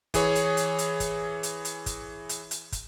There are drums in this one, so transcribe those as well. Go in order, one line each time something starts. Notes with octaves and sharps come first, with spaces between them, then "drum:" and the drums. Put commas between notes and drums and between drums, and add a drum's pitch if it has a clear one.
E3 G#4 C#5, drum: kick, hi-hat
drum: hi-hat
drum: hi-hat
drum: hi-hat
drum: kick, hi-hat
drum: hi-hat
drum: hi-hat
drum: kick, hi-hat
drum: hi-hat
drum: hi-hat
drum: kick, hi-hat